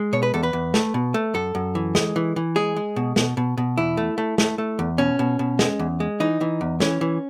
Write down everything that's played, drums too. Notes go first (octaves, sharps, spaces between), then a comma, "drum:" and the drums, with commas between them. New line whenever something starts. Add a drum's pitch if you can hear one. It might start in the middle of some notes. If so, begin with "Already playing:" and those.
Already playing: G#3
B2 C#5
B4
E2 A4
B4
E2
A3, drum: snare
B2
A3
F#2 A4
F#2
E3
G#3, drum: snare
E3
E3
G#3 G#4
G#3
B2
B2, drum: snare
B2
B2
E2 E4
A3
A3
A3, drum: snare
A3
E2
B2 C#4
B2
B2
G#3, drum: snare
E2
G#3
E3 D#4
E3
E2
E3 C#4, drum: snare
E3